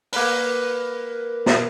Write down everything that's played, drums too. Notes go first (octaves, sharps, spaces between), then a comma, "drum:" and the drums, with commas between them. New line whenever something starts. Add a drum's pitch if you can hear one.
A#3 B4, drum: open hi-hat
drum: snare